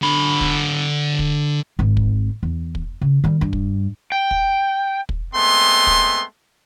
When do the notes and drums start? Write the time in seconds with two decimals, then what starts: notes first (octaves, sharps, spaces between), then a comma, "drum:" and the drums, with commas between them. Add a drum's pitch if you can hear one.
0.02 D3 B5
0.41 drum: kick
1.19 drum: kick
1.79 G#1 C4
1.97 drum: kick
2.43 E2
2.75 drum: kick
3.01 C#3
3.24 D#3 G3
3.41 G2
3.53 drum: kick
4.12 G5
4.31 drum: kick
5.09 drum: kick
5.33 G#3 A3 B3 C4 C6
5.87 drum: kick